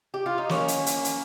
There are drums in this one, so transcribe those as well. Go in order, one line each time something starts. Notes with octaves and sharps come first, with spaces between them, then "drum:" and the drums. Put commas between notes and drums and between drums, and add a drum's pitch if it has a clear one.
G4
F4
D#4
A#3 C#4, drum: snare
drum: hi-hat
drum: hi-hat
drum: hi-hat